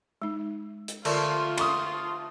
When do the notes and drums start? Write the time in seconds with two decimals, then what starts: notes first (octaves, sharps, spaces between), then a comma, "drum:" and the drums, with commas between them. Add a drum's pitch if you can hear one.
0.22 G#3 D#4
0.88 drum: hi-hat
1.05 D3 F3 A3 F4 A#4 D5, drum: cymbal
1.58 C6 C#6 D#6, drum: cymbal